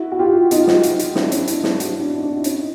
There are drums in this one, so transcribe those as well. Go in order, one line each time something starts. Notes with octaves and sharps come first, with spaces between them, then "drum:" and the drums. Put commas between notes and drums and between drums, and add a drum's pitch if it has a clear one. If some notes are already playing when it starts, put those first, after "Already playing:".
Already playing: E4 F#4
F#4
F4 G4
D#4 F4, drum: hi-hat
drum: snare
drum: hi-hat
drum: hi-hat
D4 E4, drum: snare
C#4 D#4, drum: hi-hat
D4, drum: hi-hat
D4 E4, drum: snare
E4 F#4, drum: hi-hat
D4
D#4
D4
E4
C#4 D#4, drum: hi-hat